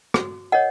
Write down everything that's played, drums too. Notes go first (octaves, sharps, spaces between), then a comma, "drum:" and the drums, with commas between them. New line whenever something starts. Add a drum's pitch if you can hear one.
F#4, drum: rim click
A#4 C#5 D#5 F#5